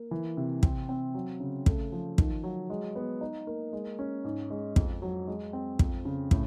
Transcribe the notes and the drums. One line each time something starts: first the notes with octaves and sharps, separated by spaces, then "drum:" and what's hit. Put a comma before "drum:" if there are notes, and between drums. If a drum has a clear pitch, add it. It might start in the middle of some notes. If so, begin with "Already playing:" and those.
Already playing: A#3
E3
C3
C4, drum: kick
C4
F#3
C#3
A3, drum: kick
F3
D#3, drum: kick
F#3
G#3
B3
D#4
A#3
G#3
C#4
G#2
G#3
F2, drum: kick
F#3
G#3
C4
F2, drum: kick
C#3
A2, drum: kick